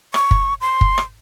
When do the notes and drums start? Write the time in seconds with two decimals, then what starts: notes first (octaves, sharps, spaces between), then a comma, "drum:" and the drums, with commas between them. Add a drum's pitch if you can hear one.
0.14 C#6, drum: rim click
0.31 drum: kick
0.61 C6
0.81 drum: kick
0.98 drum: rim click